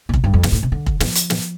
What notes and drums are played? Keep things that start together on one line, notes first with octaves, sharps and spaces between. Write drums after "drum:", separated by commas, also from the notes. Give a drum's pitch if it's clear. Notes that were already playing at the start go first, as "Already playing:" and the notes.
A2
C3, drum: kick
G2
F2
G2, drum: snare
A2
C3
D3
drum: kick
F3, drum: snare
drum: hi-hat
drum: snare